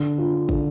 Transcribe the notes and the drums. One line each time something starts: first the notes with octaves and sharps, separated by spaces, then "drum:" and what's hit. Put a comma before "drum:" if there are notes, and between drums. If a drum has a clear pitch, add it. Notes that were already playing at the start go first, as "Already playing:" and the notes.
Already playing: D3
F4
D3, drum: kick